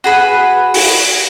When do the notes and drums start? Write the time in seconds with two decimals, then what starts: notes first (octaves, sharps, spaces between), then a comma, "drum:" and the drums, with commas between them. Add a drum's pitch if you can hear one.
0.04 F#4 G#4 B4
0.74 drum: open hi-hat